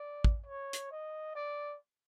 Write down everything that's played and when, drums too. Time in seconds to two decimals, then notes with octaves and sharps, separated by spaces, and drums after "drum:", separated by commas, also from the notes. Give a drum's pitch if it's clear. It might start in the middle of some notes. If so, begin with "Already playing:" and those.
Already playing: D5
0.24 drum: kick
0.47 C#5
0.73 drum: hi-hat
0.91 D#5
1.35 D5